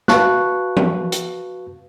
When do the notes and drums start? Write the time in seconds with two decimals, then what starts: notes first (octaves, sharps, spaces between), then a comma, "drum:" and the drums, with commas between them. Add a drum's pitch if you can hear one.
0.08 F#4 B4 F5 A5 C#6 F#6, drum: snare
0.77 drum: tom F3
1.12 drum: hi-hat